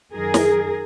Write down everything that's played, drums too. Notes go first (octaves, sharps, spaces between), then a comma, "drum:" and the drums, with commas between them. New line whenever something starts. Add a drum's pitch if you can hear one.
F#2 D#3 G#4 A#4
drum: snare